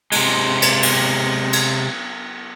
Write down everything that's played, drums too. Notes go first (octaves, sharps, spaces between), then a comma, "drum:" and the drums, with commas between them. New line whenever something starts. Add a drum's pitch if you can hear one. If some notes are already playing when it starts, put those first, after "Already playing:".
C3 G#3, drum: cymbal
drum: cymbal
drum: cymbal
drum: cymbal